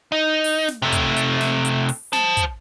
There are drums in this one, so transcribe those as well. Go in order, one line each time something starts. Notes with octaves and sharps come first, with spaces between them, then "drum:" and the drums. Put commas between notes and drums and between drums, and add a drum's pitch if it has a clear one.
D#4
drum: open hi-hat
drum: snare
C3 A3
drum: kick, hi-hat
drum: hi-hat
drum: snare
drum: hi-hat
drum: open hi-hat
C5 A5, drum: snare
drum: kick, hi-hat